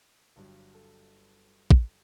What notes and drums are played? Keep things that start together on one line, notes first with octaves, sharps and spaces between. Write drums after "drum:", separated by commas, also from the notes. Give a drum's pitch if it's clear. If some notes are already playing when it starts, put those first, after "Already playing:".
G1 G2 F#3
A4
drum: kick